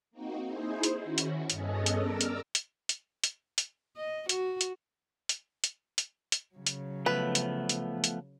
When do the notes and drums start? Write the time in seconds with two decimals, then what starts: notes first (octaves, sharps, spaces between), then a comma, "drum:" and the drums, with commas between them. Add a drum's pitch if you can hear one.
0.11 A#3 C4 D#4 F#4
0.45 D#4 E4 G#4 C5
0.83 drum: hi-hat
1.01 D#3 C#4 E4 F#4
1.18 drum: hi-hat
1.50 G2 B3 C#4 G#4 A4 D#5, drum: hi-hat
1.86 drum: hi-hat
2.00 A#4 D5 A#5 D6 E6 F6
2.21 drum: hi-hat
2.55 drum: hi-hat
2.89 drum: hi-hat
3.24 drum: hi-hat
3.58 drum: hi-hat
3.97 D#5
4.29 F#4, drum: hi-hat
4.61 drum: hi-hat
5.29 drum: hi-hat
5.64 drum: hi-hat
5.98 drum: hi-hat
6.32 drum: hi-hat
6.55 C#3 F#3
6.67 drum: hi-hat
7.06 F3 A3 B3 B4
7.35 drum: hi-hat
7.69 drum: hi-hat
8.04 drum: hi-hat